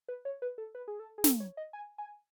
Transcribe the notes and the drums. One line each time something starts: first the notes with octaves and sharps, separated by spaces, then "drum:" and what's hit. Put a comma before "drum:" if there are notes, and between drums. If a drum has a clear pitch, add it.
B4
C#5
B4
A4
B4
G#4
A4
G#4
A4, drum: snare
C#5
D#5
G#5
G#5